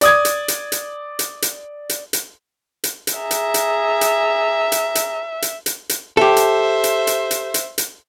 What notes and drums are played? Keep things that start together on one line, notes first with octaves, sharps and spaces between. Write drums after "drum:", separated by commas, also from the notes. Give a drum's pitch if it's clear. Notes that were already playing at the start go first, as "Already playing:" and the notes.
D5 D#6 G#6, drum: hi-hat
drum: hi-hat
drum: hi-hat
drum: hi-hat
drum: hi-hat
drum: hi-hat
drum: hi-hat
drum: hi-hat
drum: hi-hat
drum: hi-hat
G#4 E5 A#5
drum: hi-hat
drum: hi-hat
drum: hi-hat
drum: hi-hat
drum: hi-hat
drum: hi-hat
drum: hi-hat
drum: hi-hat
G4 A4 C5 E5
drum: hi-hat
drum: hi-hat
drum: hi-hat
drum: hi-hat
drum: hi-hat
drum: hi-hat